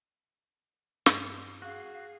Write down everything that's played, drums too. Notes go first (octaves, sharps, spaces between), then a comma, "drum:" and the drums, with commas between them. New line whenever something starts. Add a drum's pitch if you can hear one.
G2, drum: snare
F#4 G#4 F5